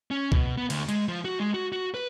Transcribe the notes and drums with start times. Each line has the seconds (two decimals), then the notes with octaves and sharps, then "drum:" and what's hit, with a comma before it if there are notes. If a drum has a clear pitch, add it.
0.11 C#4
0.32 B2, drum: kick C2
0.57 B3
0.70 D2, drum: cymbal
0.89 G#3, drum: hi-hat
1.09 F3
1.25 F#4
1.40 G#3
1.54 F#4
1.72 F#4
1.94 B4